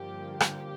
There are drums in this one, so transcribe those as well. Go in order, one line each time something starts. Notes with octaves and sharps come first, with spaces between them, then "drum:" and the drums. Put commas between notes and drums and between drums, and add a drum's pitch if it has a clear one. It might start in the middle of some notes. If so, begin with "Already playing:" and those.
Already playing: G2 D3 F3 A#3 G4
G4, drum: rim click